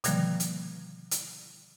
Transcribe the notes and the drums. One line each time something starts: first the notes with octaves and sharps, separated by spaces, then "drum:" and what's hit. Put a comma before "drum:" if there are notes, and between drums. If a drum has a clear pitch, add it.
B2 D3 D#3 F3 G3 A#3, drum: hi-hat
drum: hi-hat
drum: hi-hat